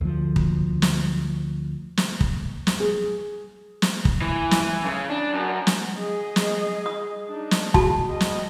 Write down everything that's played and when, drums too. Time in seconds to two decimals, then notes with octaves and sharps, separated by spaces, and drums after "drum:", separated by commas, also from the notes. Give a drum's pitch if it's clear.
0.01 D2 F3
0.36 drum: kick
0.82 drum: snare
1.97 drum: snare
2.21 drum: kick
2.67 drum: snare
2.80 G#4
3.82 drum: snare
4.05 drum: kick
4.22 E3
4.51 drum: snare
4.61 E3
4.85 C#3
5.09 D4
5.34 F#2
5.67 drum: snare
5.97 G#4 D#5
6.36 drum: snare
6.86 D#6
7.28 D4 D#4
7.51 drum: snare
7.74 F#4 G#4 A5, drum: kick
8.07 G3 D#5
8.20 drum: snare